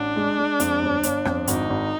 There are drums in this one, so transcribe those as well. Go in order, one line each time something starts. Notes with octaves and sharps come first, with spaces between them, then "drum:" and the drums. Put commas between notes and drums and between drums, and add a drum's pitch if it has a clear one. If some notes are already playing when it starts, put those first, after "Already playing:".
Already playing: A1 D4
G#3
G#3
F2, drum: hi-hat
G1
G1, drum: hi-hat
F2, drum: rim click
G#1 D#4, drum: hi-hat
G#1